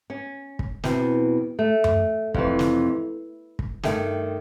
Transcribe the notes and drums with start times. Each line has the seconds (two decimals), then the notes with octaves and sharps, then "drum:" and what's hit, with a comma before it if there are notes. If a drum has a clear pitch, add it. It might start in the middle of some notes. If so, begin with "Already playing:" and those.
0.10 C#4
0.59 drum: kick
0.84 E2 B2 C4, drum: snare
1.59 A3
1.84 drum: tom F#2
2.34 F2 C3 E3, drum: kick
2.59 drum: snare
3.59 drum: kick
3.83 G2 D#3 A3, drum: snare